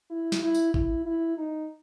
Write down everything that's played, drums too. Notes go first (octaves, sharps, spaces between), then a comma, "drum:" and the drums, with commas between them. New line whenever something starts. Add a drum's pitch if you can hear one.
E4
drum: snare
E4
drum: tambourine
E4, drum: kick G#1
E4
D#4